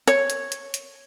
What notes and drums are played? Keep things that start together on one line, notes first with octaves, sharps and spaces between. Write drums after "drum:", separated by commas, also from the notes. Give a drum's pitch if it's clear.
C#5, drum: hi-hat
drum: hi-hat
drum: hi-hat
drum: hi-hat